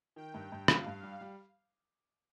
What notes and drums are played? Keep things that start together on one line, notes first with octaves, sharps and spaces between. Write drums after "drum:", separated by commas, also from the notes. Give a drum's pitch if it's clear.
D#3 G5
G2
G2
G2 F5, drum: rim click
G2
G3
G3